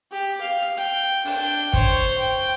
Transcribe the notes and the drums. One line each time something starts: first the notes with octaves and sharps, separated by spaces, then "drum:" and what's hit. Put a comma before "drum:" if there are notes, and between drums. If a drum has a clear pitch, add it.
G4
F5
G5, drum: hi-hat
D4 G5, drum: open hi-hat
C5 C#5, drum: kick, hi-hat
G5